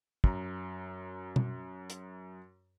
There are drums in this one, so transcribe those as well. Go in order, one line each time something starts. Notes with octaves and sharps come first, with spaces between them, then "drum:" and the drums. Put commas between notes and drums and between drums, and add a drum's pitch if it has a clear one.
F#2 A#5, drum: kick
drum: tom B2
drum: hi-hat